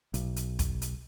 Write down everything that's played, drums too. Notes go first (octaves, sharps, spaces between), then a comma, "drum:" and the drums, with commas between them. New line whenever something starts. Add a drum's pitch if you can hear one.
B1, drum: hi-hat
drum: hi-hat
drum: kick, hi-hat
drum: hi-hat